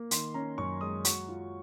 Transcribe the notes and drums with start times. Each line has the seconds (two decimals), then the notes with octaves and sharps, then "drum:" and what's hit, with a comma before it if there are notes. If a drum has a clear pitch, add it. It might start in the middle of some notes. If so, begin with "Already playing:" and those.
Already playing: A#3
0.11 D#3 C6, drum: hi-hat
0.34 C#4 A#5
0.58 F#2 C#6
0.81 G#3 D#6
1.05 F#3 C#6, drum: hi-hat
1.28 F4